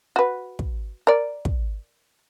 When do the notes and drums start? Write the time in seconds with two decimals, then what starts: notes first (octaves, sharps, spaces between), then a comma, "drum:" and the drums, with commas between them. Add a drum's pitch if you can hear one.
0.16 F#4 B4
0.59 drum: kick
1.07 A#4 D5
1.45 drum: kick